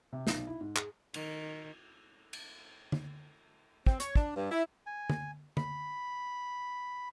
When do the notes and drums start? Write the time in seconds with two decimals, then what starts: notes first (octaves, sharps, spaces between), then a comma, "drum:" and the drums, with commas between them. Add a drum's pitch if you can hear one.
0.13 C3
0.27 B1, drum: snare
0.47 E4
0.61 G#2
0.76 G#4, drum: clap
1.14 D#3, drum: cymbal
2.33 drum: cymbal
2.92 drum: tom D3
3.86 C4, drum: kick
4.00 C#5, drum: hi-hat
4.15 D4, drum: kick
4.36 G2
4.51 E4
4.86 G#5
5.10 drum: tom D3
5.57 B5, drum: tom D3